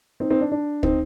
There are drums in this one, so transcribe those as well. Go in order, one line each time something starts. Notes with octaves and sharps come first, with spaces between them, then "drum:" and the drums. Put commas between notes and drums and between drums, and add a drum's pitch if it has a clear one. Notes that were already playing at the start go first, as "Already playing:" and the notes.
C4 D#4
C4 D#4
D4
D4
C4 D#4, drum: kick